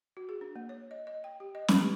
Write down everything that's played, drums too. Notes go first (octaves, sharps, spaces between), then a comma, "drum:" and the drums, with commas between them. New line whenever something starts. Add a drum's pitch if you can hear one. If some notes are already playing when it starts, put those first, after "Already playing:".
F#4
G#4
D4
A#3
C#5
D#5
D#5
G5
G4
D#5
B4, drum: snare
G4